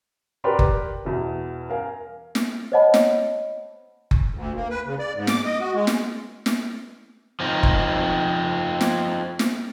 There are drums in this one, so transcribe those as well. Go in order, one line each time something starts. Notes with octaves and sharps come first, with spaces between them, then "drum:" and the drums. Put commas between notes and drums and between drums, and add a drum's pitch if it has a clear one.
G4 A#4 B4 D5 A#5 C6
drum: kick F#1
E2 B2
A#4 F5 G#5
drum: snare
C5 C#5 D#5 F#5 A5 B5
drum: snare
drum: kick F#1
D2
A#3
B4
C#3
D5
G#2
D6, drum: snare
D#5
F#4
G#3
drum: snare
drum: snare
F3 C4 D#4
drum: kick F#1
drum: snare
drum: snare